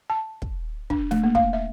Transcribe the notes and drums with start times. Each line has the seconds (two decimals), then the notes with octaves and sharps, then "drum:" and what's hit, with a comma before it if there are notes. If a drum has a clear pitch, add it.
0.10 A5
0.42 drum: kick
0.90 D4, drum: kick
1.11 A3, drum: snare
1.23 A#3
1.35 F5, drum: kick
1.53 E5